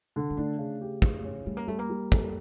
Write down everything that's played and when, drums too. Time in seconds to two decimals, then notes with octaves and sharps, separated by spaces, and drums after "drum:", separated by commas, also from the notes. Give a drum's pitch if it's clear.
0.16 D3
0.30 G3
0.37 A3 D4
0.58 C#3
0.81 G4
1.02 C#3, drum: kick
1.24 C#4
1.46 G3 A3
1.57 A#3
1.67 G3 A3
1.79 A#3
1.89 G3
2.12 A4, drum: kick